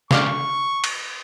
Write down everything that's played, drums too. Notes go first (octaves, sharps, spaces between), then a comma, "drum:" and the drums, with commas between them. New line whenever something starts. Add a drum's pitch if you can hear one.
D5 F5 C#6 F6, drum: snare
drum: cymbal